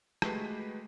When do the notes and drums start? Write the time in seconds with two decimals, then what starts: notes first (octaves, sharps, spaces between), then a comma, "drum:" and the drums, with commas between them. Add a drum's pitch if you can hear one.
0.22 G#3 A3 F#4 G4 B4 C7, drum: rim click